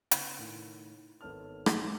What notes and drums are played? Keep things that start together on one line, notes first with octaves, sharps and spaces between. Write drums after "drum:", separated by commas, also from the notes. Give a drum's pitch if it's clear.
C#3 B3, drum: hi-hat
A2 D#3
G#1 B3 A4 C#5 A5 F6
drum: rim click